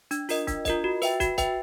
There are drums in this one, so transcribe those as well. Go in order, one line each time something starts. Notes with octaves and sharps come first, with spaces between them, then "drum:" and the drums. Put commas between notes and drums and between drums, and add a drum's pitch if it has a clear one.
D4, drum: hi-hat
F4 A#4 D#5, drum: open hi-hat
D4, drum: kick, hi-hat
F4 A#4 D#5, drum: kick, hi-hat
F#4
B4 E5 G5, drum: open hi-hat
F#4, drum: kick, hi-hat
B4 E5 G5, drum: kick, hi-hat